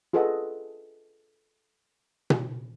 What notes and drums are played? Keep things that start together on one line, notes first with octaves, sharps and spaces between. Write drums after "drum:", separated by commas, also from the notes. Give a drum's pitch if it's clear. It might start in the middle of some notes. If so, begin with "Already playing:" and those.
F4 G#4 A4 B4 D#5 F#5
drum: tom B2